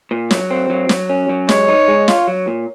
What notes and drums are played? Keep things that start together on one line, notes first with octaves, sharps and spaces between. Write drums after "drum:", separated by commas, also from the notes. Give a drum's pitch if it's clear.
A#2
F#3, drum: snare
C4
F#3
F#3, drum: snare
C#4
F#3
G#3 C#5, drum: snare
D#4
G#3
F4, drum: snare
F#3
A#2